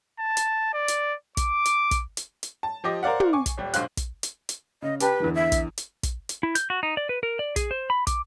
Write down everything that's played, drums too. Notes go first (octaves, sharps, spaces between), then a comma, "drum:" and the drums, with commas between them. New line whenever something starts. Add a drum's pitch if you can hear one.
A5
drum: hi-hat
D5
drum: hi-hat
D6, drum: kick, hi-hat
drum: hi-hat
drum: kick, hi-hat
drum: hi-hat
drum: hi-hat
A5
F3 G4 D#5 D6
A#4 C5 D5 F5 F#5
drum: tom
G#5 C#6 D6
drum: kick, hi-hat
D#1 G3
D#1 B1 G2 C5 F5 F#6, drum: hi-hat
drum: kick, hi-hat
drum: hi-hat
drum: hi-hat
C#3 D#5
G4 B4 G5 A5, drum: hi-hat
E2 D3 E3
E5
drum: kick, hi-hat
drum: hi-hat
drum: kick, hi-hat
drum: hi-hat
E4
G6, drum: hi-hat
F#4
D#4
D5
B4
A#4
D5
G#4, drum: kick, hi-hat
C5
B5
D6, drum: kick, hi-hat